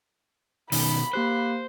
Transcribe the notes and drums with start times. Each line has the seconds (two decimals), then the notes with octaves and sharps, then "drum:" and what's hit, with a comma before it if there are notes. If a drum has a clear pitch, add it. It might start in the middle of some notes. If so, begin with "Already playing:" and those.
0.72 B2 D#3 B5, drum: open hi-hat
1.13 A#3 G4 C5 F#6